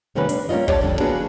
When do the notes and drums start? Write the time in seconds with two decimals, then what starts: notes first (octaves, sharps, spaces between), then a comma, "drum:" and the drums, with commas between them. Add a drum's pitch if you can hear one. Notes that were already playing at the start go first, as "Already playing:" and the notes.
0.15 C3 D#3 G3 A#3 C#4 B4
0.29 D4, drum: hi-hat
0.49 G3 A#3 C#4 F4 D#5
0.68 G4 C#5 D5 G5 A5, drum: kick
0.81 F2 D3 G3 A3 D4
1.00 A#3 B3 D4 F#4 G#4